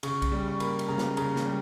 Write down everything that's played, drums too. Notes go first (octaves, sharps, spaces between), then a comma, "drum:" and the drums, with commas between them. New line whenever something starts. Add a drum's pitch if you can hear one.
C#3 C#6, drum: cymbal
drum: kick B1, cymbal
G3
C#6
A#3 B5, drum: cymbal
drum: cymbal
C#3 A#5
drum: snare
C#3 A#5, drum: cymbal
drum: snare
G3